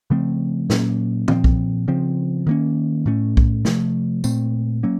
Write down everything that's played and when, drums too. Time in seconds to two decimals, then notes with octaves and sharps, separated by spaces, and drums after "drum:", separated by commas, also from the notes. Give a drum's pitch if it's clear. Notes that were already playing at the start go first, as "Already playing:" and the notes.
0.10 C#3 F3 A3 C4
0.70 A#2 F#3 A#3 C#4, drum: snare
1.28 A#2 F3 C4, drum: tom
1.44 drum: kick B1
1.88 C#3 F3 C4
2.47 D#3 A#3 C#4
3.06 A2 A3 C#4
3.37 drum: kick B1
3.65 C3 F3 A3, drum: snare
4.24 A#2 A3 C4, drum: tambourine
4.83 F#3 A#3 C#4